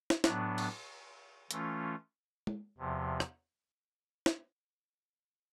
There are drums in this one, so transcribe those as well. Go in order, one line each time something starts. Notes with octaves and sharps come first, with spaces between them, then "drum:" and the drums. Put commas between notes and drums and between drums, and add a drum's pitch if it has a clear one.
drum: snare
A2 F#3 B3 D4, drum: snare
drum: cymbal
E3 A3 C#4 F4, drum: hi-hat
drum: tom G#3
E2 C3 F3
drum: rim click
drum: snare